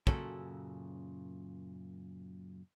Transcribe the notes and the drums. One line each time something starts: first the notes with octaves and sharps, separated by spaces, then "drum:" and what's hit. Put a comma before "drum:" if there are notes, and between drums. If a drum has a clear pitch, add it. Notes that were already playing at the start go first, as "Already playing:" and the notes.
F#2 A#2 C#3 F#4 A4, drum: kick